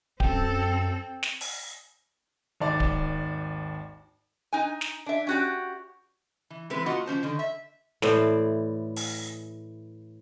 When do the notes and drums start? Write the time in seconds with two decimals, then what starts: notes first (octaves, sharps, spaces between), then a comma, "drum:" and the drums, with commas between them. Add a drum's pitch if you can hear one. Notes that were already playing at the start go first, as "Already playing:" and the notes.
0.20 F#2 C4 A4 G5, drum: kick D1
1.23 drum: snare
1.41 drum: open hi-hat
2.60 G#1 D#2 D5
2.80 drum: kick D1
4.53 D#4 G#5
4.81 drum: snare
5.06 D4 E5
5.27 C#4 F#4 G4
6.50 E3
6.70 E3 G#3 C4 B4
6.86 A#3 F4 F#4 D#5 F#5
7.06 F3 C#4 C5 A5
7.23 D3 D#3
7.39 E5
8.02 A2 E3 C5 D5, drum: snare
8.96 drum: open hi-hat